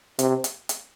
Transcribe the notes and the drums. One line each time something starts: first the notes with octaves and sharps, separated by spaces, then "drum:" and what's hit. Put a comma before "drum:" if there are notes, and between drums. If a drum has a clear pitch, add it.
C3, drum: hi-hat
drum: hi-hat
drum: hi-hat